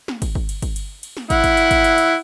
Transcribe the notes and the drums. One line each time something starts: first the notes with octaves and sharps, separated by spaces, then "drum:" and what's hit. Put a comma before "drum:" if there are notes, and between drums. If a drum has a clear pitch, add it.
drum: snare
drum: kick, cymbal
drum: kick
drum: cymbal
drum: kick, cymbal
drum: cymbal
drum: cymbal
drum: snare
E4 F#5, drum: kick, cymbal
drum: kick, cymbal
drum: cymbal
drum: kick, cymbal
drum: cymbal
drum: cymbal